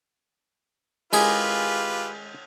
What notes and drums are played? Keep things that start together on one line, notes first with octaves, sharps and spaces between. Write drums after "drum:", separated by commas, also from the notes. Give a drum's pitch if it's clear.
G#3 F4 G4 G#4 B4, drum: cymbal